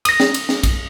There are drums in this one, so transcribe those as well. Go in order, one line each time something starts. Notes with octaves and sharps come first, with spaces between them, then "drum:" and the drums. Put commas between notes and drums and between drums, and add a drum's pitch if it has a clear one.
D#6 A#6, drum: cymbal
drum: snare
drum: cymbal
drum: snare
drum: kick, cymbal